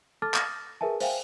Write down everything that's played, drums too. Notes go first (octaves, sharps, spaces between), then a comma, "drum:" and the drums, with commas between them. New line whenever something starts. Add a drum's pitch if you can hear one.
A4 A5 D6 F6 A6
D6 D#6 F6 A6 A#6, drum: clap
G#4 A#4 B4 E5 G#5 A5
C5 E5 F5 G5 G#5, drum: open hi-hat